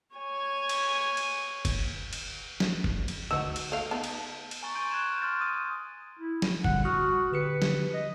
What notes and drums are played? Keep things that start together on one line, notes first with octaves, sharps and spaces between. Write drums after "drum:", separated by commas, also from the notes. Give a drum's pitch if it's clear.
C#5 G#5
drum: cymbal
drum: cymbal
drum: kick, cymbal
drum: cymbal
drum: snare
drum: kick
drum: cymbal
D2 D#4 F#4 E6
drum: cymbal
A3 F5
B3 D#4 A5
drum: cymbal
drum: cymbal
G#5 A#5 C#6 A6 G7
C6 C#6 G6 D7 D#7 F#7
F#6 G#6 E7
G#5 F6 G6
C6 F6 G6 A6
D#6 D#7
E4
drum: snare
A#2 D3 G3 F#5, drum: kick
F#4 D#6 F6 F#6
D3 G4 B4 C#7
drum: snare
D#5